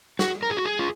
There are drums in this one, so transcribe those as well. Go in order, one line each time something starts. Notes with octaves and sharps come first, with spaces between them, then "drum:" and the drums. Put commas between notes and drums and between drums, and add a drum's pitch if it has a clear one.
F#4, drum: snare
A#4
G#4
F#4
G#4
F4